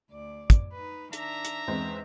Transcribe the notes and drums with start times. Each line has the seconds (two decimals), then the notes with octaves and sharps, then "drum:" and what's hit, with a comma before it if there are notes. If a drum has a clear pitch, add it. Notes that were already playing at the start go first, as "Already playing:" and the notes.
0.10 D2 D5
0.50 drum: kick, hi-hat
0.73 D#4 B4
1.13 D#3 D4 E5 A#5, drum: hi-hat
1.45 drum: hi-hat
1.68 E2 G#3 C4